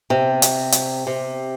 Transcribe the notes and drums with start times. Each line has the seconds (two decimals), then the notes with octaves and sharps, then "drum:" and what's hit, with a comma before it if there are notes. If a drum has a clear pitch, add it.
0.10 C3
0.42 drum: hi-hat
0.72 drum: hi-hat
1.07 C3